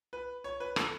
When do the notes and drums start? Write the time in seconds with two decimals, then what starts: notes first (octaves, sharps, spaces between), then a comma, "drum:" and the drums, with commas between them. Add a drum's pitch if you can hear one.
0.13 B4
0.44 C#5
0.60 B4
0.76 A4, drum: rim click